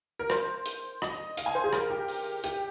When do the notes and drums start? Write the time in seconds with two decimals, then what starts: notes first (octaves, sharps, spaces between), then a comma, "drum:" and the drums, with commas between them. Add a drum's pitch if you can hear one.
0.19 A#4
0.30 C5, drum: rim click
0.66 drum: hi-hat
1.02 D#5, drum: rim click
1.37 F5, drum: hi-hat
1.46 G#5
1.55 C5
1.64 G#4
1.73 A#4, drum: rim click
1.90 G4
2.08 drum: open hi-hat
2.44 G4, drum: hi-hat